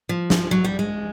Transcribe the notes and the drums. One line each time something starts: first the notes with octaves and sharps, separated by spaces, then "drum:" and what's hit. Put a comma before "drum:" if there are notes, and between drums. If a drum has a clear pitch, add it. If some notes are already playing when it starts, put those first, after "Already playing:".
F3
drum: snare
F#3
G3
G#3